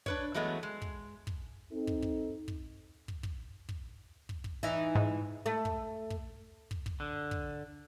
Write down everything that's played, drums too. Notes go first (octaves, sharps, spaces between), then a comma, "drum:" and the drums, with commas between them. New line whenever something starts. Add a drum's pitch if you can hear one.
D4 B4 C#5, drum: kick
E3 F#3 G#3 A3 B3
G#3
drum: kick
drum: kick
C4 D#4 A4
drum: kick
drum: kick
drum: kick
drum: kick
drum: kick
drum: kick
drum: kick
drum: kick
E3 D#4
G#2
A3
drum: kick
drum: kick
drum: kick
drum: kick
D3
drum: kick